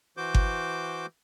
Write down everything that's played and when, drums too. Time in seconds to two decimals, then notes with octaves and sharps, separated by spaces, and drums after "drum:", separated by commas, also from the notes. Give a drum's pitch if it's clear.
0.17 E3 F#4 C5 D6 G6
0.34 drum: kick G1